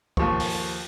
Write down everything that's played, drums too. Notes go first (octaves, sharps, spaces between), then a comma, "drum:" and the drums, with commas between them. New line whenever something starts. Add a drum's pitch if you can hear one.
D#2 F3 C#6, drum: kick
drum: open hi-hat